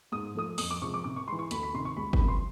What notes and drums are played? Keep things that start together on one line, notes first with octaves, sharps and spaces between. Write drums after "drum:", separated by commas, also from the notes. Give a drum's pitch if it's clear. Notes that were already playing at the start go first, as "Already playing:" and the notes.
G#2 D#6
F3 A3 D#6
F2 D#6, drum: open hi-hat
D6
C3 F3 G#3 C#6
D6
C3 D6
C#6
E3 G#3 C6
C#6
D2 B5, drum: hi-hat
B5
C3 D#3 C6
C#6
C#2 B5
B5, drum: kick G1
C3 F3 A#3
C6